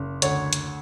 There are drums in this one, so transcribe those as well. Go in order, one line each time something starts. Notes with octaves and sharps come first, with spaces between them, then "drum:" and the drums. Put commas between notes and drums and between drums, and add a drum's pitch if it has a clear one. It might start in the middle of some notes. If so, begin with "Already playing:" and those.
Already playing: F#1
D2 C#5, drum: hi-hat
drum: hi-hat